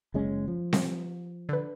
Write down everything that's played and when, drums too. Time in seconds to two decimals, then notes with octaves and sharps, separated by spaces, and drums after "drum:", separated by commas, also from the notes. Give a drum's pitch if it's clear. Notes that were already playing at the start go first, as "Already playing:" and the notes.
0.14 F#1 G#3 C#4
0.48 F3
0.73 drum: snare C4
1.49 D3 B4